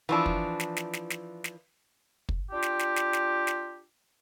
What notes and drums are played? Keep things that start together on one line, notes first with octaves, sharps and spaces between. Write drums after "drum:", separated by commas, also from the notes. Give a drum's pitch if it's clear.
E3 F3 D4
drum: kick
drum: snare
drum: snare
drum: snare
drum: snare
drum: snare
drum: kick
D4 F4 G4
drum: snare
drum: snare
drum: snare
drum: snare
drum: snare